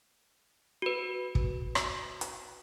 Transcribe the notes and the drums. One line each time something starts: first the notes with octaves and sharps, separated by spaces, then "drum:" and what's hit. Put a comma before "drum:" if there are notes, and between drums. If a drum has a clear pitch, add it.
F#4 B4
drum: kick
drum: rim click
drum: hi-hat